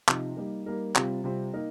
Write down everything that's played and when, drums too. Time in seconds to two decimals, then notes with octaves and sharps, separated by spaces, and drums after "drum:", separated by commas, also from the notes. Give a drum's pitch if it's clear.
0.08 C3 F3 D#4, drum: clap
0.37 G3 A#3 D#4 A#4
0.66 G3 A#3 D#4 A#4
0.96 C3 G3 C4 F4, drum: clap
1.24 C3 G3 C4 F4
1.53 A#3 D#4 A#4